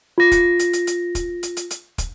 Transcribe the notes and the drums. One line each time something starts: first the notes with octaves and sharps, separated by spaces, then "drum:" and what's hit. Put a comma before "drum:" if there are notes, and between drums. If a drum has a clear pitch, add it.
F4 A#6
drum: kick, hi-hat
drum: hi-hat
drum: hi-hat
drum: hi-hat
drum: kick, hi-hat
drum: hi-hat
drum: hi-hat
drum: hi-hat
drum: kick, hi-hat